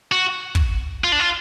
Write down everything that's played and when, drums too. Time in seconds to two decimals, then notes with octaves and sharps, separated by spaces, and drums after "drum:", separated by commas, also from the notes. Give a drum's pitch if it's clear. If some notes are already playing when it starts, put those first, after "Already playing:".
0.12 F#4
0.55 drum: kick
1.04 F4
1.12 D4
1.20 F4